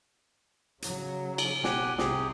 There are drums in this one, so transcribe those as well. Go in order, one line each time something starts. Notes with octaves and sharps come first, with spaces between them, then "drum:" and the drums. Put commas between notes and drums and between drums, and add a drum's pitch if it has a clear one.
C#3 F#3, drum: hi-hat
drum: cymbal
B2 G4 F#5 G#5, drum: snare
C2 C3 G4 G#4, drum: snare